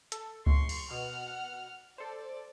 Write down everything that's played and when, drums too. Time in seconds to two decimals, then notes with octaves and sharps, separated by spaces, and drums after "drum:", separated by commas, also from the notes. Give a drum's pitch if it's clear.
0.12 A4, drum: hi-hat
0.46 A#1 C6 C#6, drum: kick C#2
0.69 drum: cymbal
0.90 B2 F#5 F6
1.98 A4 C5 D5